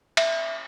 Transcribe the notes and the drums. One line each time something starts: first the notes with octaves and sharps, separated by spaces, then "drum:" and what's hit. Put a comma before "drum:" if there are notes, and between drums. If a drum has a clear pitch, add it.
E5, drum: cymbal